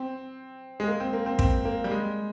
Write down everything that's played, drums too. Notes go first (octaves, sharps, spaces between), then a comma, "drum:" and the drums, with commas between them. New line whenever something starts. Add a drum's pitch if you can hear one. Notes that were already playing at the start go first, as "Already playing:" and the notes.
Already playing: C4
G#3
A#3
C4
A#3
C4
C4, drum: kick
A#3
G3
G#3